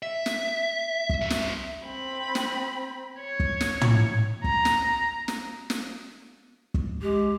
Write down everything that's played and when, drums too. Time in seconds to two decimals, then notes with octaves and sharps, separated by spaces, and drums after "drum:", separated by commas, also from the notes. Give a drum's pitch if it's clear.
0.03 E5
0.26 drum: snare
1.09 drum: kick
1.21 G2 E5
1.30 drum: snare
1.86 C4 B5
2.35 drum: snare
3.20 C#5
3.40 drum: kick
3.61 drum: snare
3.81 drum: tom
4.44 A#5, drum: kick
4.65 drum: snare
5.28 drum: snare
5.70 drum: snare
6.74 drum: kick
7.02 G#3 G4